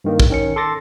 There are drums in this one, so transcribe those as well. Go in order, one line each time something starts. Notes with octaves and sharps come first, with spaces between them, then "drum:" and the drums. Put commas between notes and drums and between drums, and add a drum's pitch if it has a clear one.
G2 D#3 A#3
drum: kick
D#3 C#4 C#7
A4 C6 D6 A6 A#6